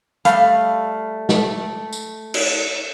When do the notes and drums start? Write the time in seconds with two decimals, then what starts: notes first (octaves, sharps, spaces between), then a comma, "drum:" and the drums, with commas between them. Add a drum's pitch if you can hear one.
0.25 G3 A3 F5, drum: hi-hat
1.29 A3, drum: snare
1.93 drum: tambourine
2.34 drum: cymbal